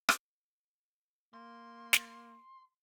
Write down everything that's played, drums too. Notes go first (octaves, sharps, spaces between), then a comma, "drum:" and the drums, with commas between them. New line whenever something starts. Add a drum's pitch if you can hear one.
drum: rim click
A#3 C6
drum: snare